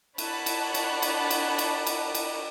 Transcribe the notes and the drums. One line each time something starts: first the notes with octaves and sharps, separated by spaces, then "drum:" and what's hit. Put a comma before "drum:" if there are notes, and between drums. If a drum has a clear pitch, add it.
D4 C#5 F#5 A5 B5 F#6, drum: cymbal
drum: cymbal
drum: cymbal
drum: cymbal
drum: cymbal
drum: cymbal
drum: cymbal
drum: cymbal